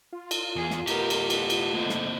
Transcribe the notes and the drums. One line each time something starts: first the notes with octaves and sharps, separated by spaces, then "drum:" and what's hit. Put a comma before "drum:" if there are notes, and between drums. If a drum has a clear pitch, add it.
F4
drum: cymbal
E2 G#4
drum: snare
A3 B3 D#4 G4 A#4, drum: cymbal
drum: cymbal
B3 A4, drum: cymbal
drum: cymbal
A#3 C4 D#5
drum: snare